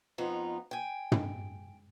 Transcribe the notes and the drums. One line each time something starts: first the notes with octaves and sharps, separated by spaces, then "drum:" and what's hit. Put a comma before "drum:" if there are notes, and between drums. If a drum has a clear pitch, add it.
F2 B3 D#4 F4
G5 G#5
drum: tom